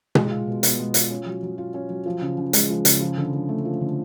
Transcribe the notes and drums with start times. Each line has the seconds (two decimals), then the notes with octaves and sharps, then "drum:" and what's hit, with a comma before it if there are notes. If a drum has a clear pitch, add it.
0.15 G#3, drum: tom B2
0.30 F4
0.47 B2
0.63 B3, drum: hi-hat
0.79 G#3
0.94 F4, drum: hi-hat
1.10 C#4
1.26 F#3
1.43 F#3
1.58 F4
1.74 C#4
1.90 F#3
2.06 F3
2.21 C#3
2.38 C#3
2.53 G#3, drum: hi-hat
2.70 F3
2.85 C#3, drum: hi-hat
3.01 F3
3.18 D3
3.33 D3
3.49 A3
3.65 F3
3.81 D3